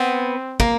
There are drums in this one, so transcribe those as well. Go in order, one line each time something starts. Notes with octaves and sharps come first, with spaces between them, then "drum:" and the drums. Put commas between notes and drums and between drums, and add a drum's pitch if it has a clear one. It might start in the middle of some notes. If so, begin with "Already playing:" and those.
Already playing: B3 C4
A#3, drum: kick